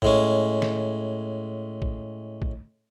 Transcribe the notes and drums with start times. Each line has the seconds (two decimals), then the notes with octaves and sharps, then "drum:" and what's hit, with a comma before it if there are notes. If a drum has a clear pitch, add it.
0.02 A2 G#3 C#4, drum: kick
0.62 drum: snare
1.82 drum: kick
2.42 drum: kick